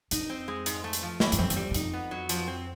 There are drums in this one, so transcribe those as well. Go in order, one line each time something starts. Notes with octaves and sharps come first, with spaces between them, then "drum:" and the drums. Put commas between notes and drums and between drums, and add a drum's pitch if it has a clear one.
F2 D#4, drum: hi-hat
C4
G#3
G#2, drum: hi-hat
A3
drum: hi-hat
F3
E3, drum: snare
F#2, drum: hi-hat
F2 C4
E2, drum: hi-hat
F2 G3
F#2
F2 D#4, drum: hi-hat
B3
F#3
F3, drum: hi-hat
C4